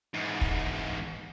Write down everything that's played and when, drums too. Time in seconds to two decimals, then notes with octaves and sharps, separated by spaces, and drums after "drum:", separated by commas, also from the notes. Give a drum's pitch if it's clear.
0.14 E2 G#2
0.41 drum: kick